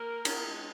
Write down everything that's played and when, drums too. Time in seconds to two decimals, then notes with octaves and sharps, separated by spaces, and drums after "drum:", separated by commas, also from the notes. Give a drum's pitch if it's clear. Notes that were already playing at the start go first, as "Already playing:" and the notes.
Already playing: A#3 A#4
0.25 C#4, drum: cymbal
0.36 B3
0.48 G#3